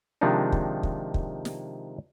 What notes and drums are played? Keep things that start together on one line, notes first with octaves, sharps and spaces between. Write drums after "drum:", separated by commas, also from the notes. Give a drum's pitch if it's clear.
C3 D#3 F3 G#3 D4 D#4
drum: kick
drum: kick
drum: kick
drum: snare